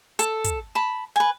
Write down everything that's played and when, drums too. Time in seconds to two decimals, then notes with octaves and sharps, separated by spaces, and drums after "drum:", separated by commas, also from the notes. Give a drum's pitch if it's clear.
0.19 A4, drum: hi-hat
0.44 drum: kick, hi-hat
0.75 A5 B5
1.16 B4 G#5